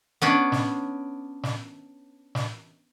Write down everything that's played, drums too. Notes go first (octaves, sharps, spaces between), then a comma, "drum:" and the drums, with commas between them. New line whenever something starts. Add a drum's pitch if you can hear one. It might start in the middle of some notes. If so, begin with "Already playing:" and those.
B3 C#4 D4
drum: snare
drum: snare
drum: snare